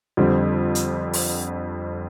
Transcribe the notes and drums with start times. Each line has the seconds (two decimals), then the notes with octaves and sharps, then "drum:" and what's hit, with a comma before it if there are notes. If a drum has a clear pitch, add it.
0.17 F2 D3 G3 C4
0.75 drum: hi-hat
1.13 drum: open hi-hat